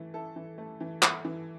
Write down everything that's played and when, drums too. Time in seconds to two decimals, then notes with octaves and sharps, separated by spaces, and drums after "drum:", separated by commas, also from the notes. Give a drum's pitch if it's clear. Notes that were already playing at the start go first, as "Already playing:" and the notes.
Already playing: E3 A3
0.14 E4 A4
0.36 E3
0.58 A3
0.80 E3
1.02 E4, drum: clap
1.25 E3